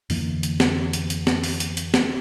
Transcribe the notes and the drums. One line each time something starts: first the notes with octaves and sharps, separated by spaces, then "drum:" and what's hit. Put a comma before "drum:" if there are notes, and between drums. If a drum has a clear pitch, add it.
F2 D3 E3 A#3, drum: open hi-hat
drum: hi-hat
drum: snare
drum: hi-hat
drum: hi-hat
drum: snare
drum: open hi-hat
drum: hi-hat
drum: hi-hat
drum: snare